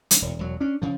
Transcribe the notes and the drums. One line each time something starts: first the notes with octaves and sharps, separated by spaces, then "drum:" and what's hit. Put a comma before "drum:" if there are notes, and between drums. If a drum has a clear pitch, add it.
drum: hi-hat
E1
E1 F#3
C#4 D4
C#3 F3